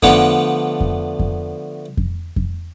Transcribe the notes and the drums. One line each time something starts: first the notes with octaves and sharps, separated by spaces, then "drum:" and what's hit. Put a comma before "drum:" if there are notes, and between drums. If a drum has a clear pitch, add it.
D3 F3 A3 B3 D4 C#5, drum: kick F2
drum: kick F2
drum: kick F2
drum: kick F2
drum: kick F2